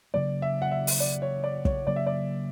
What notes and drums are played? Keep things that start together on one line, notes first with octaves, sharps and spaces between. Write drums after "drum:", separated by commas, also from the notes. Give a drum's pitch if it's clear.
C#3 F#3 A#3 D5
E5
F#5
E5
drum: open hi-hat
D5
C#5
D5
C#5, drum: kick
C#3 F#3 A#3 D5
E5
D5